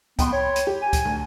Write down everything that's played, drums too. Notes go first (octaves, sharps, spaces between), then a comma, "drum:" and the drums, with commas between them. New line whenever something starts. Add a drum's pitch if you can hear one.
B3 G5 B5 C6, drum: kick C#2, hi-hat
C#5
drum: hi-hat
G4
G#5
drum: kick C#2, hi-hat
D2